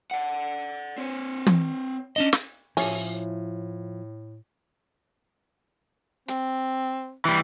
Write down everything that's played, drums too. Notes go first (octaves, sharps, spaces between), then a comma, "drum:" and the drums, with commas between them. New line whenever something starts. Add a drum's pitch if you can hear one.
D5 F#5
C4 C#5
drum: tom
C#4 D4 D#5
drum: snare
A2 F3 C#4 E4, drum: open hi-hat
C4, drum: hi-hat
E3 G3